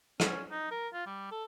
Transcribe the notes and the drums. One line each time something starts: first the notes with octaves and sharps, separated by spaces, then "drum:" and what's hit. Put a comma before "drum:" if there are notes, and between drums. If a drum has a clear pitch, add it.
C#4, drum: rim click
D#4
A#4
F4
G3
A4